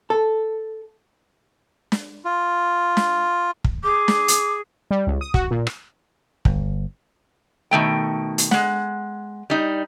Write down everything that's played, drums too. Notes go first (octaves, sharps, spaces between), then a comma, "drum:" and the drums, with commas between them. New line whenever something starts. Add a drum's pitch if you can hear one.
A4
drum: snare
F4
drum: snare
drum: kick
G#4 D6
drum: snare
drum: hi-hat
G3
C#2
D#6
F#4, drum: kick
A#2
drum: rim click
G1, drum: kick
B2 D#3 A3 G5
drum: hi-hat
G#3 F#5, drum: snare
G3 D#4